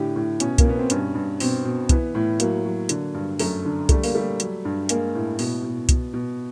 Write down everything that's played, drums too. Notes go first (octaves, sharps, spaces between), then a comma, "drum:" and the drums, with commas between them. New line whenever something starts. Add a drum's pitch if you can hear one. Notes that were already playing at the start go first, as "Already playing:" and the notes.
Already playing: A2 D3 G4
A2
B2 C#4, drum: hi-hat
A#3, drum: kick C2, hi-hat
B2 B3
C4
G2 C#4, drum: hi-hat
G2
B2 C4, drum: open hi-hat
B2
E3 B3, drum: kick C2, hi-hat
A2
F#3 A#3, drum: hi-hat
F#3
D3, drum: hi-hat
G2
F#2 A3, drum: open hi-hat
D3
G3 A3, drum: kick C2, hi-hat
A#3, drum: open hi-hat
G3 A3
F#3, drum: hi-hat
G2
G#3 A#3, drum: hi-hat
A2
B2, drum: open hi-hat
B2
B2, drum: kick C2, hi-hat
B2